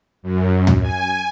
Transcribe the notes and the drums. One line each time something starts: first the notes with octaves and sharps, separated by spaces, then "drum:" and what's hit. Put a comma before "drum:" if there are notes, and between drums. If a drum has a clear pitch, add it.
F#2
drum: tom
G#5